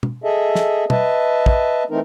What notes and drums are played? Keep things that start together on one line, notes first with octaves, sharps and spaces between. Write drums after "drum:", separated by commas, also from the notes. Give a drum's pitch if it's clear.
drum: tom
G#4 A4 D#5 E5
drum: snare
B4 D#5 E5 A5, drum: tom
drum: kick
E3 A3 C4 D#4 A#4